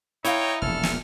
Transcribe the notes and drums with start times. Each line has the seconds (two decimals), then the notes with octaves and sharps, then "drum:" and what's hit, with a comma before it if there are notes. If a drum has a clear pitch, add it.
0.25 D#4 E4 C#5 F5 G5, drum: hi-hat
0.62 E1 A#1 A4 F6
0.83 drum: snare